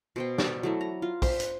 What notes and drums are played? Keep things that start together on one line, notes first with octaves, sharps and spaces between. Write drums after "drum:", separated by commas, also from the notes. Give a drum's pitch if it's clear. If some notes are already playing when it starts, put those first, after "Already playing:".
B2 C5 G5
D5, drum: snare
F#3 A3 E4
A#5
F4
C5, drum: kick, open hi-hat
drum: hi-hat